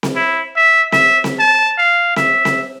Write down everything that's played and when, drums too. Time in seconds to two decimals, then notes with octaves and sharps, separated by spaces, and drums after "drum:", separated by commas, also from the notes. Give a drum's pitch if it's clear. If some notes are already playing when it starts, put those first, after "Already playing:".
0.03 drum: snare C4
0.16 E4
0.56 E5
0.92 E5, drum: snare C4
1.24 drum: snare C4
1.39 A5
1.78 F5
2.16 E5, drum: snare C4
2.45 drum: snare C4